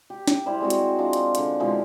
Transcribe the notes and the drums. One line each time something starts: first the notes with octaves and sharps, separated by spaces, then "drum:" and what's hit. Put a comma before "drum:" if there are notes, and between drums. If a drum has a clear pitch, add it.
G4
drum: snare
G3 E4 C5
G#3 C4 F#4
drum: hi-hat
D4 F4 D#5 D6
drum: hi-hat
D3 F#5, drum: hi-hat
B2 F3 G#3 E4